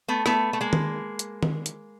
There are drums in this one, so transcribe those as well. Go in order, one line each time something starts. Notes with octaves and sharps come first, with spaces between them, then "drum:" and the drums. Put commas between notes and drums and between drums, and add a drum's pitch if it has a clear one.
A3 B3
A3 B3, drum: rim click
A3
G#3 A#3
drum: tom D#3
drum: hi-hat
drum: tom D#3
drum: hi-hat